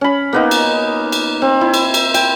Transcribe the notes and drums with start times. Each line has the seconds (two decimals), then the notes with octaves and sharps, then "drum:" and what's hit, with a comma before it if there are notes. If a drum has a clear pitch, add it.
0.01 C#4 B5
0.33 A#3 B3 D#4
0.51 drum: cymbal
1.12 drum: cymbal
1.42 C4
1.61 E4
1.74 drum: cymbal
1.94 drum: cymbal
2.14 G5, drum: cymbal